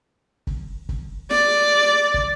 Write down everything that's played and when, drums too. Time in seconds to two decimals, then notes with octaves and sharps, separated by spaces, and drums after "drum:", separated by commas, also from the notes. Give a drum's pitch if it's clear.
0.47 drum: kick
0.89 drum: kick
1.31 D5, drum: snare
2.14 drum: kick